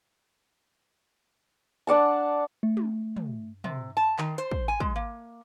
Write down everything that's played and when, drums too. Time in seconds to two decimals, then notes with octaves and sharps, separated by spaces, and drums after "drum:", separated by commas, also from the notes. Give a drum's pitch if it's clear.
1.87 D4 D5 F#5 A5
2.63 A3
2.77 drum: tom
3.16 drum: tom
3.64 C3, drum: tom
3.97 A5
4.18 D#3, drum: clap
4.38 C5, drum: hi-hat
4.51 drum: kick
4.68 G#5
4.80 G#3, drum: kick
4.96 A#3